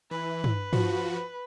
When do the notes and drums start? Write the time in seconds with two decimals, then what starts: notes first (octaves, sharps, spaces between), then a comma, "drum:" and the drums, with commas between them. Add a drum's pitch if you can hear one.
0.11 E3 B4
0.44 drum: tom
0.73 F3 F#4, drum: tom